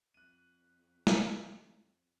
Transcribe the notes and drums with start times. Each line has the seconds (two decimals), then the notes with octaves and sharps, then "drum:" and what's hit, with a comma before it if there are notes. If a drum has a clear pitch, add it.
0.14 F2 F#6 D#7
1.07 drum: snare